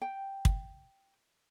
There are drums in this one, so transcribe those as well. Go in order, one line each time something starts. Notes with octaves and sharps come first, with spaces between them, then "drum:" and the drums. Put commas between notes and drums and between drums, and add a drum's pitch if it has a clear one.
G5
drum: kick